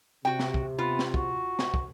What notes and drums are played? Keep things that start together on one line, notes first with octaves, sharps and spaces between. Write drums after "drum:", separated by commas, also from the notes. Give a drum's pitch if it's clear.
C3 F#4 G5
drum: snare
drum: kick
B3 F4
drum: snare
F#4, drum: kick
drum: snare
drum: kick